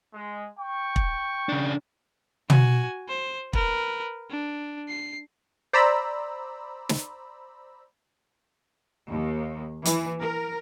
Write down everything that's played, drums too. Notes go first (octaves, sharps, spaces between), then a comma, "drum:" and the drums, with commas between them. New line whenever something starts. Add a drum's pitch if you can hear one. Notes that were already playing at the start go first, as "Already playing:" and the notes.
G#3
G5 C#6
drum: kick
C#3 D4
F#4 G#5, drum: tom
C5
A#4 B4, drum: kick
D4
C7
C5 D5 A#5 B5 E6
drum: snare
D#2
E3, drum: hi-hat
A#4